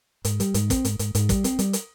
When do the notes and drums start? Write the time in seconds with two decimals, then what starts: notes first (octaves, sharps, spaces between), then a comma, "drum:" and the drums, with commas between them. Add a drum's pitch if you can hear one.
0.25 G#2, drum: hi-hat
0.40 G3, drum: hi-hat
0.54 G#2, drum: hi-hat
0.70 C4, drum: kick, hi-hat
0.85 G#2, drum: hi-hat
0.99 G#2, drum: hi-hat
1.15 G#2, drum: hi-hat
1.29 G3, drum: kick, hi-hat
1.44 C4, drum: hi-hat
1.59 G3, drum: hi-hat
1.73 drum: hi-hat